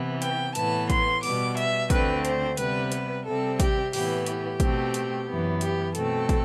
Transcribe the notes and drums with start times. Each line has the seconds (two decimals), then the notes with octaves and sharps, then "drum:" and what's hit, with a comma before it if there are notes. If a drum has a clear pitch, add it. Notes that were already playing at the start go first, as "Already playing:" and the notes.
Already playing: C3 E3 B3
0.22 G5, drum: hi-hat
0.55 A2 E3 B3 A5, drum: hi-hat
0.90 C6, drum: kick, hi-hat
1.23 B2 G3 B3 D6, drum: open hi-hat
1.57 E5, drum: hi-hat
1.90 D2 D3 A3 C4 B4, drum: kick, hi-hat
2.25 C5, drum: hi-hat
2.57 C3 G3 B3 B4, drum: hi-hat
2.92 B4, drum: hi-hat
3.25 C3 G3 C4 A4
3.60 G4, drum: kick, hi-hat
3.93 A2 E3 B3 G4, drum: open hi-hat
4.26 G4, drum: hi-hat
4.60 B2 A3 C4, drum: kick, hi-hat
4.94 drum: hi-hat
5.28 F#2 E3 B3
5.61 G4, drum: hi-hat
5.95 B2 A3 C4 A4, drum: hi-hat
6.29 drum: kick, hi-hat